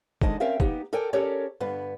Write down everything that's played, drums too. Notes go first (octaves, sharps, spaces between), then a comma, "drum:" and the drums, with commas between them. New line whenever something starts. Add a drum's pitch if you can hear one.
D3 D#3 G#3 D#4 D#5 A5, drum: kick
C4 C#4 A#4 E5 F5 G5
A#3 B3 D#4 G4, drum: kick
A4 A#4 D5 G5 G#5
C#4 G4 A4 A#4 C#5 D5
G2 D3 B3 B4